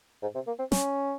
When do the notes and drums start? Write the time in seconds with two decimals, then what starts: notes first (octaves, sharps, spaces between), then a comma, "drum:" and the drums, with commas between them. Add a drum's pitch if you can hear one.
0.22 G#2
0.35 C3
0.47 A#3
0.59 C4
0.72 C#4, drum: snare